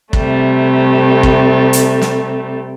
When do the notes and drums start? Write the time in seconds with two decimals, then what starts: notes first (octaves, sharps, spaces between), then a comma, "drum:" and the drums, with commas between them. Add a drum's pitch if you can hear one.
0.13 C3 G3 A3, drum: kick
1.23 drum: kick
1.73 drum: hi-hat
2.02 drum: snare